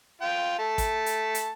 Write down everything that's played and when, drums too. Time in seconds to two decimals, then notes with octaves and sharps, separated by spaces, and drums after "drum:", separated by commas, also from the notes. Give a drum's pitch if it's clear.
0.21 F4 G5
0.59 A3 A5
0.78 drum: kick, hi-hat
1.06 drum: hi-hat
1.35 drum: hi-hat